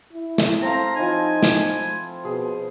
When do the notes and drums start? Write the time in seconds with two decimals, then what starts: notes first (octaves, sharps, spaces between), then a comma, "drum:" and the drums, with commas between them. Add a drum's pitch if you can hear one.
0.13 E4
0.38 drum: snare
0.62 C4 A4 F5 A#5
0.96 F3 D#4 E4 G#5
1.43 drum: snare
2.25 B2 G#4